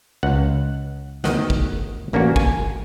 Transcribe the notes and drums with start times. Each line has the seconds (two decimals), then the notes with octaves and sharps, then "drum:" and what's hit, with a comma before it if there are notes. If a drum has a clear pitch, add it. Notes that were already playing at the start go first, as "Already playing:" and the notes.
0.23 C#2 F#5
1.24 D2 D#3 B3 D#5 F#5, drum: snare
1.50 drum: kick
2.13 A1 A#3 C#4 D4 F#4
2.36 G#5, drum: kick